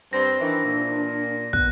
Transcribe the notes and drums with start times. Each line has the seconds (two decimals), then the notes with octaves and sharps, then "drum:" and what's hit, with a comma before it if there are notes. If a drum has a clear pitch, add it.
0.13 G2 G3 C4 A#6
0.41 D#3 E3 D4
0.65 A#2
1.53 B3 F#6, drum: kick